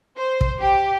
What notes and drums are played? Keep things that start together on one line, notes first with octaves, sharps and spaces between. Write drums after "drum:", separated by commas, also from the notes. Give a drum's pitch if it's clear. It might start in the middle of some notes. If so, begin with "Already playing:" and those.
C5
drum: kick
G4